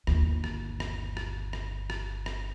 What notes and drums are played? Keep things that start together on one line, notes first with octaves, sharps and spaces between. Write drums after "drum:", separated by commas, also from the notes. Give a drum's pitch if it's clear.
G1 D#2, drum: rim click
drum: rim click
drum: rim click
drum: rim click
drum: rim click
drum: rim click
drum: rim click